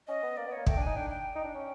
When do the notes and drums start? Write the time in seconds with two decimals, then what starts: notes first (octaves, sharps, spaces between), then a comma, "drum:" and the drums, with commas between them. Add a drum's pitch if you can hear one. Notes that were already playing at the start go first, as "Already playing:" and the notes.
0.07 C#4 D#5
0.23 B3
0.37 A#3 D5
0.47 B3
0.52 C#5
0.57 A#3
0.66 A3 G5, drum: kick
0.76 D4
0.82 D#4 G#5
0.96 D4 G5
1.10 G5
1.35 D#4
1.44 D4
1.54 C#4